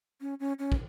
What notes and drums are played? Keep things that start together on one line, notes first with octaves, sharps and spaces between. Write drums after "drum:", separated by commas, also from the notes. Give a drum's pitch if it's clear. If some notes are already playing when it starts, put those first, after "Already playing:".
C#4
C#4
C#4
drum: kick